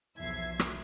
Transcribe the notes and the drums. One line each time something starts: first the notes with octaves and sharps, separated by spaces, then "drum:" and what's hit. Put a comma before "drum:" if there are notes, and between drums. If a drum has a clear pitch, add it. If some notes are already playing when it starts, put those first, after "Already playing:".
B1 E2 F3 E5 G#6 C7
drum: rim click